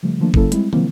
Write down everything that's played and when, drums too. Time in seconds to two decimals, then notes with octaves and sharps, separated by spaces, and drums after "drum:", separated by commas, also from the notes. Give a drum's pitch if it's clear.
0.03 C#3 F3 G3 A3
0.20 D#3 F3 A3 A#3 D4
0.34 C#3 F#3 A#3 C#4 E4 A4, drum: kick G1
0.52 G3 G#3 C4 E4, drum: hi-hat
0.73 C3 F3 F#3 A#3 C4 E4, drum: tom